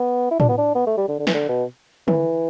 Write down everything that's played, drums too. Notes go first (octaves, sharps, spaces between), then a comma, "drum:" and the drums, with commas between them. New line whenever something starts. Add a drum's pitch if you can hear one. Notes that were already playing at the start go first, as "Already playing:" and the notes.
Already playing: B3
E4
D4, drum: tom A2
B3
D4
B3
A3
G3
D3
D3
E3, drum: snare
D3
B2
E3, drum: tom D3